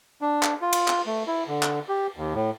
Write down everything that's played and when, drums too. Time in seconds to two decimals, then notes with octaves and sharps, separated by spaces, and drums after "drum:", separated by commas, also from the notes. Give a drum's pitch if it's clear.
0.21 D4
0.43 drum: clap
0.62 F4
0.73 drum: cymbal
0.88 drum: clap
1.06 A3
1.27 E4
1.48 D3
1.63 drum: clap
1.89 G4
2.17 D#2
2.34 A2